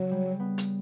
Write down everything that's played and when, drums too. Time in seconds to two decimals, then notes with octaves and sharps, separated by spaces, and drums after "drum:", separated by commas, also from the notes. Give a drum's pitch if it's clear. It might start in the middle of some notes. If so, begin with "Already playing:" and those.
Already playing: C#3 F#3
0.11 G3
0.40 B3
0.58 drum: hi-hat